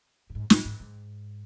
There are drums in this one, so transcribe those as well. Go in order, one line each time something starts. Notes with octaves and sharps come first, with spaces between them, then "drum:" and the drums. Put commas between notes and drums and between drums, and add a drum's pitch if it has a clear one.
A2
G#2
A2, drum: snare
G#2
G#2